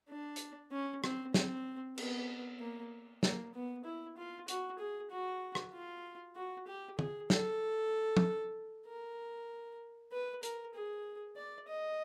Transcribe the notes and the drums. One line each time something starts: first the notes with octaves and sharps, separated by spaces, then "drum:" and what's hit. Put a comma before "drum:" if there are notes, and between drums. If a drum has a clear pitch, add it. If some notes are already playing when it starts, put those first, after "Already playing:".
D4
drum: hi-hat
C#4
C4, drum: rim click
C4, drum: snare
B3, drum: cymbal
A#3
A#3, drum: snare
B3
E4
F4
F#4, drum: hi-hat
G#4
F#4
drum: rim click
F4
F#4
G4
G#4, drum: tom
A4, drum: snare
drum: tom
A#4
B4
A#4, drum: hi-hat
G#4
D5
D#5